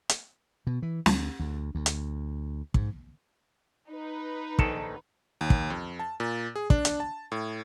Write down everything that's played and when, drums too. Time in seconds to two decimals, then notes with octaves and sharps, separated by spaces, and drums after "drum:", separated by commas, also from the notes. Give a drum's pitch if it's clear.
0.09 drum: hi-hat
0.67 B2
0.82 E3
1.06 D2, drum: snare
1.40 D2
1.75 D2
1.86 drum: hi-hat
2.74 G#2, drum: kick
3.90 D#4 B4
4.59 A#1 D#3 A4, drum: kick
5.41 D#2
5.50 drum: kick
5.70 F2
5.99 A5
6.20 A#2
6.56 G#4
6.70 D4, drum: kick
6.85 drum: hi-hat
7.00 A5
7.32 A2